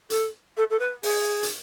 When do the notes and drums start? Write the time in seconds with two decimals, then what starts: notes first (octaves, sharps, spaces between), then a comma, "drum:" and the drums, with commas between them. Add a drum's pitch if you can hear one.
0.10 A4, drum: hi-hat
0.57 A4
0.70 A4
0.79 B4
1.03 G#4, drum: open hi-hat
1.43 drum: hi-hat